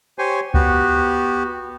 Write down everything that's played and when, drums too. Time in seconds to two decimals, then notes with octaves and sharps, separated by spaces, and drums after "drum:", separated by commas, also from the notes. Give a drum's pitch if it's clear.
0.18 G4 C5 C#5 G#5
0.54 B3 F#4 G4, drum: kick C#2